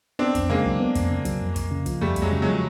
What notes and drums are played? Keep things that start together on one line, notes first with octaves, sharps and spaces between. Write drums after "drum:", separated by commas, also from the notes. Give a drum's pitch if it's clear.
B3 C4 D4
F2, drum: kick, hi-hat
C#3 G#3 A#3
F#3, drum: kick
B3
F2, drum: kick, hi-hat
C#3
F#3, drum: kick, hi-hat
F2
F2, drum: kick, hi-hat
C#3
F3, drum: kick, hi-hat
F2 G3 A3
F2, drum: kick, hi-hat
F#3 G#3
C#3
F3 F#3 G#3